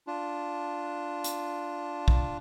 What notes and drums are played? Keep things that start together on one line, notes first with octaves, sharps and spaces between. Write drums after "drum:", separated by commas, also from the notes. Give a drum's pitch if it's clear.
D4 F4
drum: hi-hat
drum: kick